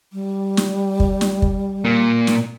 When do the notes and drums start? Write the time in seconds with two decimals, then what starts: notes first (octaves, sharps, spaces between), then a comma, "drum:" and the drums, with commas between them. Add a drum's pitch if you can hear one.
0.13 G3
0.57 drum: snare
1.00 drum: kick
1.21 drum: snare
1.42 drum: kick
1.85 A#2 A#3
2.27 drum: snare